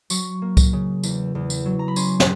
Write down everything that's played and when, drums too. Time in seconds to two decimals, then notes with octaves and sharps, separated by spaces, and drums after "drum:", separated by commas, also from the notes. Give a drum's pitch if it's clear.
0.10 F#3 C#6, drum: tambourine
0.42 A#3
0.57 drum: kick C2, tambourine
0.73 C#3
1.03 E2, drum: tambourine
1.35 E2
1.50 drum: tambourine
1.66 F#3
1.79 A#5
1.88 B5
1.96 C#4 C6, drum: tambourine
2.20 drum: snare